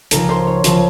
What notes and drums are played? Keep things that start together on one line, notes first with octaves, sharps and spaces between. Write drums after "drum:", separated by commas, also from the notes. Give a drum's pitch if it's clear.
C#2 C#3 F3 A#4, drum: hi-hat
C5
C#5
C#2 C#3 F3 C5, drum: hi-hat